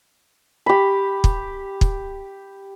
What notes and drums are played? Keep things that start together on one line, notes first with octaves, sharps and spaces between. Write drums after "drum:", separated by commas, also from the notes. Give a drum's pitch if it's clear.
G4 B5
drum: kick
drum: kick